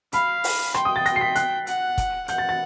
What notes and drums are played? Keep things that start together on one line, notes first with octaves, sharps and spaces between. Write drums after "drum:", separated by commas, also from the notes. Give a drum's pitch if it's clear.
F5 B5, drum: hi-hat
drum: open hi-hat
G5 C6, drum: rim click
D#6
A6
A#6, drum: hi-hat
C7
B6
F#6, drum: hi-hat
F#5, drum: hi-hat
drum: kick, hi-hat
F#5 G6, drum: hi-hat
A6
A6